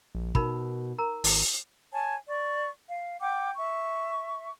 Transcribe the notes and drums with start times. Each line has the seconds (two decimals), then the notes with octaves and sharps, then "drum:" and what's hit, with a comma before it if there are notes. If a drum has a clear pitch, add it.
0.15 A#1
0.35 B2 D#4 A#4 B5, drum: kick
0.98 A#4 A#5
1.24 G#1 E4, drum: open hi-hat
1.93 C#5 G#5 A5
2.29 D5 C#6
2.89 F5
3.20 F#5 G5 D6
3.56 E5 C#6